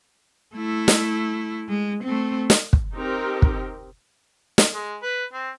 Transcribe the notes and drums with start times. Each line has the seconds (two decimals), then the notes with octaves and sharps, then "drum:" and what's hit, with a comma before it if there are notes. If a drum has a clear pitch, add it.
0.55 A3 E4
0.88 drum: snare
1.69 G#3
2.03 A3 C4
2.50 drum: snare
2.73 drum: kick
2.95 C4 D#4 G4 A#4
3.42 drum: kick
4.58 drum: snare
4.74 G#3
5.03 B4
5.33 C4